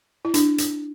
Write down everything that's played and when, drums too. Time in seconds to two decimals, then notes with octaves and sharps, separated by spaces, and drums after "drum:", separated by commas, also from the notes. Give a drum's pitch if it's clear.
0.25 E4
0.34 D4, drum: hi-hat
0.58 drum: hi-hat